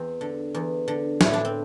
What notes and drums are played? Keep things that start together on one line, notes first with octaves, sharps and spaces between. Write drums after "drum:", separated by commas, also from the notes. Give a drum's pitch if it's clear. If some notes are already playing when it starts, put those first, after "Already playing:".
Already playing: E2 C4
D3
E2
D3
A2 E4, drum: snare
D4
C4